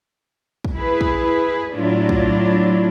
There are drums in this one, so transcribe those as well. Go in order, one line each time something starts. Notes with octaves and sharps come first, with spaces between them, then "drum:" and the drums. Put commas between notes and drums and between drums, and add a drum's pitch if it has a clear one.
drum: kick
E4 G#4 B4
drum: kick
A2 F#3 D4 E4 F4
drum: kick